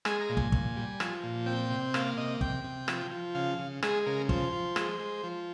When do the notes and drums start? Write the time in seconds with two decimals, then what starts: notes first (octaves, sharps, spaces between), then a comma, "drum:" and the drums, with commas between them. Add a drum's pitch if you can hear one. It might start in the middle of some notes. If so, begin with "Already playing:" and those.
0.05 G#3 G#5, drum: rim click
0.20 A#5
0.29 A#2
0.37 G#5, drum: kick
0.52 A#2, drum: kick
0.76 G3
1.00 F3, drum: rim click
1.23 A#2
1.46 C4 G5
1.70 C3
1.94 A#3 F5, drum: rim click
2.17 C3 D#5
2.41 C3 G5, drum: kick
2.64 C3
2.88 F3, drum: rim click
3.11 F3
3.35 C#3 F5
3.58 C#3
3.83 G#3 G#4, drum: rim click
4.06 C#3 A#4
4.29 F3 C5, drum: kick
4.52 F3
4.76 G#3, drum: rim click
5.00 G#3
5.24 F3